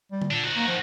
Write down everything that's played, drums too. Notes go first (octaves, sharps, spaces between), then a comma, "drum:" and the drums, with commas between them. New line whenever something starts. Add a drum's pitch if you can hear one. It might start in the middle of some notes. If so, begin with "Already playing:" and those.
G3
drum: tom D3
A#2 D4 A4
D#3 F#4
A#3
F3